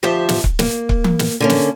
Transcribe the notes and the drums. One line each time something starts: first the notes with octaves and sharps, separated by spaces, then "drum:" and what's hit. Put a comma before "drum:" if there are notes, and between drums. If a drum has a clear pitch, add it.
D2 F3 G4 C5 E5 A5
drum: snare
drum: kick C#1
A#3, drum: snare
drum: kick C#1
drum: tom E3
drum: snare
D3 A#3 C#4
drum: snare